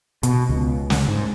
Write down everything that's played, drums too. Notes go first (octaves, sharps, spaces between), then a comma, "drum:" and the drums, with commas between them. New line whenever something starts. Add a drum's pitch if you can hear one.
B2, drum: hi-hat
C#2
drum: snare
G#2